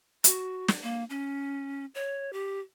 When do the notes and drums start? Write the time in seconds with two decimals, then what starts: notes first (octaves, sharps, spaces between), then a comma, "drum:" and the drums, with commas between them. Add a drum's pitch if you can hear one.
0.24 F#4, drum: hi-hat
0.68 drum: snare
0.83 A#3
1.10 C#4
1.95 C#5
2.33 G4